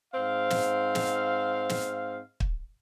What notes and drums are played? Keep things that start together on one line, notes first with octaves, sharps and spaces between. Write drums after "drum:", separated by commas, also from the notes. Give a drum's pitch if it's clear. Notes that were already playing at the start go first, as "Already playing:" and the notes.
G#2 C4 F5
drum: snare
drum: snare
drum: snare
drum: kick